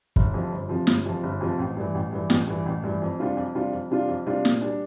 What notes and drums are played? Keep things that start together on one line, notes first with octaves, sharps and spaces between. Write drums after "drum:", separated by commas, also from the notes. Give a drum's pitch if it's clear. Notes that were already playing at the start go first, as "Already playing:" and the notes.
G1, drum: kick
F2 C3 F3
G1
F2 C3 F3
G1, drum: snare
F2 C3 F3
G1
F2 C3 F3
A1
G2 E3
A1
G2 E3
A1, drum: snare
G2 E3
A1
G2 E3
F2
C3 G3 D4 F4
F2
C3 G3 D4 F4
F2
C3 G3 D4 F4
F2
C3 G3 D4 F4
A#2, drum: snare
G3 D4